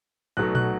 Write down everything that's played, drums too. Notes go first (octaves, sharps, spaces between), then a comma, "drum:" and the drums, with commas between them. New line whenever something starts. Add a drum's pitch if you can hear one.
B1 B2 F#3 A3 F#6
F#6, drum: tom A#2